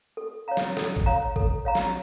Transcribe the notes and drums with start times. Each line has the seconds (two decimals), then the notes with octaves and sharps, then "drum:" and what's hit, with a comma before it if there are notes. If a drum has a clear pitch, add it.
0.17 A4
0.48 C#5 F5 A#5
0.57 drum: snare
0.77 A4, drum: snare
0.96 drum: kick G#1
1.06 C#5 F5 A#5
1.36 A4, drum: kick G#1
1.65 C#5 F5 A#5
1.75 drum: snare